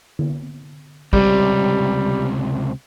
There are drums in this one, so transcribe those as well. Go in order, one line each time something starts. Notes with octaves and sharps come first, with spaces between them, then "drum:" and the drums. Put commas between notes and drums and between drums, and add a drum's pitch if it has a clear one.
drum: tom D3
C#2 C3 G3, drum: kick